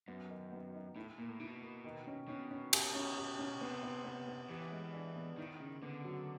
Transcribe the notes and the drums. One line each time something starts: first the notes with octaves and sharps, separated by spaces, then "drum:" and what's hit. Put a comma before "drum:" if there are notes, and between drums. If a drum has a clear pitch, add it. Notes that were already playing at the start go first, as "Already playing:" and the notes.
F#2 B3
D#3
B3
D#4
A2 E4
A#2 A#3
A2
B2 E4
A#3
D#3
C#4
B2 C#4
C#4
G4, drum: cymbal
C#4
G4
C#4
C3 B3
B3
B3
B3
E3 G4
G#3
D4
B3
D#3 E4
C#3
D3 B3
F#3